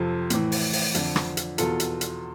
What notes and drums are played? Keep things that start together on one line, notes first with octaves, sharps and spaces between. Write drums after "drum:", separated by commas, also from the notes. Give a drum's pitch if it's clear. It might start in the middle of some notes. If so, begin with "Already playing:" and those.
Already playing: F2 C3 F3 F4 A4
A2 E3, drum: hi-hat
drum: open hi-hat
drum: open hi-hat
F2 D3 F3, drum: hi-hat
drum: rim click
drum: hi-hat
E2 B2 F4 A4, drum: hi-hat
drum: hi-hat
drum: hi-hat